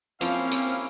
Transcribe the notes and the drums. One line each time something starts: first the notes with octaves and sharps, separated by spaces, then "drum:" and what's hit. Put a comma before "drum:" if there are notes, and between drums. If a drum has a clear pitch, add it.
F3 A#3 C4 C#4 E4 F5, drum: hi-hat
drum: hi-hat